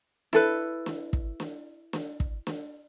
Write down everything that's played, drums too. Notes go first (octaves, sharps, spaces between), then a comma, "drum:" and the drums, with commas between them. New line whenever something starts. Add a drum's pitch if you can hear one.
E4 A4 B4, drum: snare
drum: snare
drum: kick
drum: snare
drum: snare
drum: kick
drum: snare